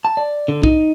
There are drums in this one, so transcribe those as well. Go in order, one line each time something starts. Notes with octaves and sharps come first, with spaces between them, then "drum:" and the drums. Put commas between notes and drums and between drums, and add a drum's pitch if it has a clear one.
A5
D5
D3
D#4, drum: kick